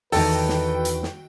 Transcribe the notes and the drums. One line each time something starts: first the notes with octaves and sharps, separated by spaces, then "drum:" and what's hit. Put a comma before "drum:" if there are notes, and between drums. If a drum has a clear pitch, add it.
E2 D#3 D#4 F#4 A4 B4 G5, drum: open hi-hat
drum: snare
drum: hi-hat
drum: snare